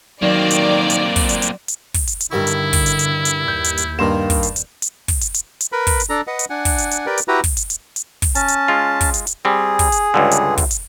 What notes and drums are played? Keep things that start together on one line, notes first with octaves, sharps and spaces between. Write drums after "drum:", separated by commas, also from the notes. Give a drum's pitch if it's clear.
D#3 F#3 A#3 C4 D5
drum: hi-hat
drum: hi-hat
drum: kick, open hi-hat
drum: hi-hat
drum: hi-hat
drum: hi-hat
drum: kick, open hi-hat
drum: hi-hat
drum: hi-hat
G2 D3 D#3 E4 C#6
drum: hi-hat
drum: kick, open hi-hat
drum: hi-hat
drum: hi-hat
drum: hi-hat
D#2 G6
drum: hi-hat
drum: hi-hat
G2 D#3 A#3 C6 E7
drum: kick, open hi-hat
drum: hi-hat
drum: hi-hat
drum: hi-hat
drum: kick, open hi-hat
drum: hi-hat
drum: hi-hat
drum: hi-hat
A#4 B4 B5
drum: kick, open hi-hat
drum: hi-hat
D4 A4 A#5
B4 D#5 F#5
drum: hi-hat
D4 F#5 G#5
drum: kick, open hi-hat
drum: hi-hat
drum: hi-hat
G4 A#4 B4 D5
drum: hi-hat
E4 F#4 G4 B4 A#5
drum: kick, open hi-hat
drum: hi-hat
drum: hi-hat
drum: hi-hat
drum: kick, open hi-hat
C#4 A5, drum: hi-hat
drum: hi-hat
G#3 F4
drum: kick, open hi-hat
drum: hi-hat
drum: hi-hat
G3 C4 G#4
drum: kick, open hi-hat
drum: hi-hat
C#2 G2 D3
drum: hi-hat
drum: kick, open hi-hat
drum: hi-hat